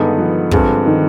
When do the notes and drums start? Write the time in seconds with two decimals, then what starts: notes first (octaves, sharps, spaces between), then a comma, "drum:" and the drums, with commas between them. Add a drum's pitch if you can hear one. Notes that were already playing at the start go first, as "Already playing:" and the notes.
Already playing: G2 D3 D#3 G#3 B3 D#4
0.18 F3
0.51 G2 D3 G#3 C4, drum: kick
0.86 D#3